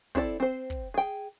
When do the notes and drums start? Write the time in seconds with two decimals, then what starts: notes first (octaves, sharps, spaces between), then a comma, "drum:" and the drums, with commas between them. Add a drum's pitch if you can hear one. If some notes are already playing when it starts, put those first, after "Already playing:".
0.15 C4 E4 A4 D5, drum: kick
0.40 C4 C5
0.70 drum: kick
0.94 G#4 G5